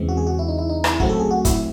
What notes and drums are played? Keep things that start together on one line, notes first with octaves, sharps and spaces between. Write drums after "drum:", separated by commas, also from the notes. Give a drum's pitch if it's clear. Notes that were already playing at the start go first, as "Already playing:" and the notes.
Already playing: E2 C#3 E3 G#3 C4
F#4
G#4
F#4
E4
D#4
E4
D#4
E4, drum: rim click
C#2 C#3 F#3 A3 C4 F#4, drum: kick
A4
G#4
F#4
E4, drum: kick, hi-hat